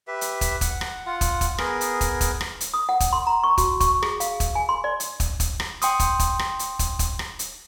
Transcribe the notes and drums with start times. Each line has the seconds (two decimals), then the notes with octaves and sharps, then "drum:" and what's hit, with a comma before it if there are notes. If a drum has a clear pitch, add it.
0.07 G4 B4 E5
0.21 drum: hi-hat
0.41 drum: kick, hi-hat
0.61 F#5, drum: kick, hi-hat
0.81 drum: rim click
1.06 F4 F#5
1.21 drum: kick, hi-hat
1.41 drum: kick, hi-hat
1.58 B3 G#4 A#4, drum: rim click
1.81 drum: hi-hat
2.01 drum: kick, hi-hat
2.21 drum: kick, hi-hat
2.41 drum: rim click
2.61 drum: hi-hat
2.74 D#6
2.89 F#5
3.00 drum: kick, hi-hat
3.13 C6
3.27 A#5
3.43 C#6
3.58 F#4, drum: kick, hi-hat
3.80 C#6, drum: kick, hi-hat
4.03 G#4, drum: rim click
4.20 F5, drum: hi-hat
4.40 drum: kick, hi-hat
4.55 G#5
4.69 C6
4.84 D5
5.00 drum: hi-hat
5.20 drum: kick, hi-hat
5.40 drum: kick, hi-hat
5.60 drum: rim click
5.82 G5 C6 D#6, drum: hi-hat
6.00 drum: kick, hi-hat
6.19 drum: kick, hi-hat
6.39 drum: rim click
6.59 drum: hi-hat
6.79 drum: kick, hi-hat
6.99 drum: kick, hi-hat
7.19 drum: rim click
7.39 drum: hi-hat